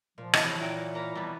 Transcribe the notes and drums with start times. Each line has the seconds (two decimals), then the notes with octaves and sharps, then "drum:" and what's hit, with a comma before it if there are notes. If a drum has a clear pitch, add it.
0.18 A#2 F3
0.33 A2 C3 E3 F#4 C#5 D#5, drum: rim click
0.60 A#2 F#3 E4 A#4 G5
0.95 A#3 A#5 B5
1.15 F2 B2 G3 B4